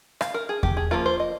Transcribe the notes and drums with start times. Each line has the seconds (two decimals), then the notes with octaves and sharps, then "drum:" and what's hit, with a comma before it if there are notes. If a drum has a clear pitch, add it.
0.21 F5, drum: rim click
0.34 A#4
0.49 G#4
0.63 G4, drum: kick E2
0.77 G#4
0.91 F3 A#3 F4 A#4
1.06 C5
1.20 D#5